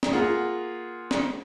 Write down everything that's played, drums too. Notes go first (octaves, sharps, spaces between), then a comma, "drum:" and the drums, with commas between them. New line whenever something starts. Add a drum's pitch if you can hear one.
drum: snare
A#3 F4 G#4 F#5
drum: snare